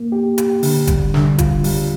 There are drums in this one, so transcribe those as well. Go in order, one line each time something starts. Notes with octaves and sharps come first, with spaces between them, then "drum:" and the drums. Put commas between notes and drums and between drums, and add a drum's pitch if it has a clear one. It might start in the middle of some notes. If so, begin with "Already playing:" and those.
Already playing: A#3
G4
G4, drum: hi-hat
D3, drum: open hi-hat
G3, drum: kick F1, hi-hat
D3, drum: snare
F4, drum: kick F1, hi-hat
G3, drum: open hi-hat